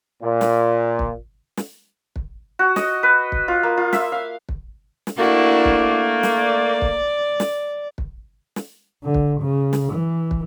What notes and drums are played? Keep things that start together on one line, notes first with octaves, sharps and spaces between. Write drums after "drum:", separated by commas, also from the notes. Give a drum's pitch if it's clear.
A#2
drum: snare
drum: kick
drum: snare
drum: kick
F#4
D#5, drum: snare
B4
drum: kick
F4
A#3
F4
E5, drum: snare
F5
drum: kick
drum: snare
A3 A#3 D4 E4 F#4
drum: kick
drum: snare
D5
drum: kick
drum: snare
drum: kick
drum: snare
D3
drum: kick
C#3
drum: snare
E3
drum: kick